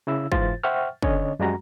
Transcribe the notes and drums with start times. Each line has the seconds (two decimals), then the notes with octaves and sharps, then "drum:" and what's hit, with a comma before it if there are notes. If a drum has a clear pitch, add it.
0.07 C#3 E4 E6
0.32 G#2 E3 F4 C5 A6, drum: kick
0.63 C5 E5 F#5 G5 C#6 F6
1.02 D3 C#4 C#5 D#5, drum: kick
1.39 F#2 G3 G#3 F#4 A#5